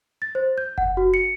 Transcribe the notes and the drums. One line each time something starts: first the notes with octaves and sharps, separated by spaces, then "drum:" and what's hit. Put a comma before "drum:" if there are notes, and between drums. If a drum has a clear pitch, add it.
A6
C5
G6
F#5, drum: kick F#1
F#4
C#7